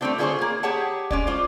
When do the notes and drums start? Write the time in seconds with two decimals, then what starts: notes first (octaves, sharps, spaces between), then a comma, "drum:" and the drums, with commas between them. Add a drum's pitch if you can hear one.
0.01 G3 A3 A#3 C4 D4 F4
0.18 D3 F4 G#4 A4 C5 C#5
0.38 A#3 G#4
0.63 G4 G#4 C#5 F#5 A5
1.11 G#3 C#4 D5, drum: kick
1.27 F4 C5 D5